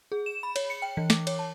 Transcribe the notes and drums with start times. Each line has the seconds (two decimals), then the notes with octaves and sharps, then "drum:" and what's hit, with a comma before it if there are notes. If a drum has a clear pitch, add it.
0.12 G#4
0.26 E7
0.43 B5
0.56 C#5, drum: cymbal
0.70 C#7
0.82 G5
0.97 E3
1.10 D6, drum: snare
1.27 C#5, drum: cymbal
1.39 A5